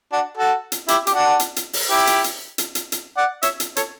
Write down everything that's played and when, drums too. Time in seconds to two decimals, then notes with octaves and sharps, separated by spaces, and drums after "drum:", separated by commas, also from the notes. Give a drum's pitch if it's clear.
0.12 D4 F#4
0.37 F#4 A4
0.72 drum: hi-hat
0.88 E4 G4, drum: hi-hat
1.07 G4, drum: hi-hat
1.14 D4 F#4
1.39 drum: hi-hat
1.56 drum: hi-hat
1.73 drum: open hi-hat
1.90 E4 G4
2.07 drum: hi-hat
2.24 drum: hi-hat
2.58 drum: hi-hat
2.75 drum: hi-hat
2.92 drum: hi-hat
3.17 D5 F#5
3.43 C#5 E5, drum: hi-hat
3.60 drum: hi-hat
3.76 A4 C#5, drum: hi-hat